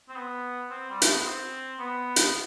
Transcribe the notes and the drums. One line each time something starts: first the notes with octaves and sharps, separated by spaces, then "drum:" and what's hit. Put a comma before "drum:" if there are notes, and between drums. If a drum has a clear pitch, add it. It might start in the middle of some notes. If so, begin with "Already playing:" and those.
C4
B3
C4
G3
A3, drum: hi-hat
B3
C4
B3
drum: hi-hat